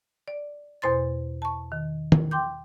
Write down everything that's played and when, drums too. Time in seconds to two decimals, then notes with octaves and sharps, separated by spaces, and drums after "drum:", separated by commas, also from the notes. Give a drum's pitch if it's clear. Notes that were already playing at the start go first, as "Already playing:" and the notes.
0.28 D5
0.82 E2 B2 C5 C6 A6
1.42 A5 C#6
1.72 D#3
2.12 drum: tom D#3
2.31 G5 C6 D6 G6